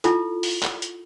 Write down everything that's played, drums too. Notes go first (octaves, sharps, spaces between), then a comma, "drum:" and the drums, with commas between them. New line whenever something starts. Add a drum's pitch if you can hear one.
E4 F4 A4, drum: hi-hat
drum: open hi-hat
drum: clap
drum: hi-hat